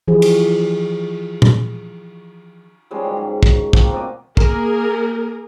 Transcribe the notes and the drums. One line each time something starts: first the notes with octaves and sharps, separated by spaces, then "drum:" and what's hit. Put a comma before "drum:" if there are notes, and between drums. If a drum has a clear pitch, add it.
E3 F3 G4 G#4
drum: cymbal
drum: tom A#2
F3 G3 G#3 C#4
D#3 F#3
G#2
drum: kick
F3 A#3 C4 F#4, drum: kick
A#3 C4 D5 D#5
A#3 G#4 A#4, drum: kick